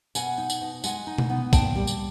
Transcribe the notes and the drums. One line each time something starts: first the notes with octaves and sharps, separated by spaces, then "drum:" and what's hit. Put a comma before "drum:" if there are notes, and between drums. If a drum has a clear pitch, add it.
B2 F#5 G#5, drum: tambourine
D#4
drum: tambourine
B2
G#3 F#5 G#5, drum: tambourine
D#4
drum: tom B2
B3
A#2 G5 A5, drum: kick, tambourine
G3
drum: tambourine